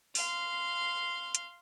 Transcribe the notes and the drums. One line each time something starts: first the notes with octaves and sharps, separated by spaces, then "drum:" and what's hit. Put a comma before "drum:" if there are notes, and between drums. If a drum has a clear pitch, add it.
F5 C6, drum: open hi-hat
drum: hi-hat